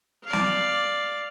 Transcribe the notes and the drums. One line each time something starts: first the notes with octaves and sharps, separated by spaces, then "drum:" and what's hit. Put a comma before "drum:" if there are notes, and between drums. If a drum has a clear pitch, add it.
D5 F5
drum: snare